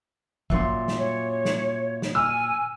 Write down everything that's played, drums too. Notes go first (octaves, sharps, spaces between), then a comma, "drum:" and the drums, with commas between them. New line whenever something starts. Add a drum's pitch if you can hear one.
F#2 A#2 E5 C6, drum: kick
drum: snare
C#5
drum: snare
drum: snare
G#5 E6 F6